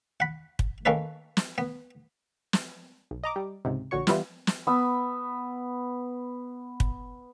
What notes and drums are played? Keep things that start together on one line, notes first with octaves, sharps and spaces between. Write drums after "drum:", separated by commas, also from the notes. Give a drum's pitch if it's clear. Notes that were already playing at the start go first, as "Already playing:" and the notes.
F#5 B5
drum: kick
D#3 A#3 C#4 A4 B4
drum: snare
B3
drum: snare
B1
D#5 A#5 D6
G3
C#2 G#2 C3
A#1 D3 F#4 C#5 C#6
E3 G3 B3 E4 F4 G4, drum: snare
drum: snare
B3 B4 E6
drum: kick